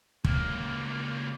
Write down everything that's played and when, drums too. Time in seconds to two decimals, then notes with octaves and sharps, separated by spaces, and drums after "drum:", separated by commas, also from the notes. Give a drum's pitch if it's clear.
0.25 C#2 A#3, drum: kick